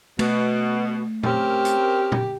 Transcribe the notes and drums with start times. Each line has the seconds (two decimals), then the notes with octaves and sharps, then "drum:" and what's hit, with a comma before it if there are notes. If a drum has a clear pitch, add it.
0.19 B2 A3, drum: cymbal
1.23 C4 C#4 G4 A#4, drum: tom A#2
1.65 drum: hi-hat
2.12 drum: tom A#2